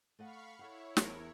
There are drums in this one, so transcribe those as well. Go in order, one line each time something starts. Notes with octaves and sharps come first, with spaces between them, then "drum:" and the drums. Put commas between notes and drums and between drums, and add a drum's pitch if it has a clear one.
A3 D#5 F5 F#5 B5 C#6
E4 A4 C#5 E5 F#5
E2 A#4, drum: snare